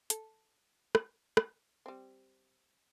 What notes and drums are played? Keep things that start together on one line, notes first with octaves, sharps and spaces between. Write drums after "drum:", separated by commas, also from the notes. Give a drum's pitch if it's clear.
A4, drum: hi-hat
drum: rim click
drum: rim click
G3 C4